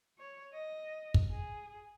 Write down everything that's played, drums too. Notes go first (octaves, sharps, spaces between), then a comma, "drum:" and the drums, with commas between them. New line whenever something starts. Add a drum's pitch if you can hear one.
C#5
D#5
drum: kick
G#4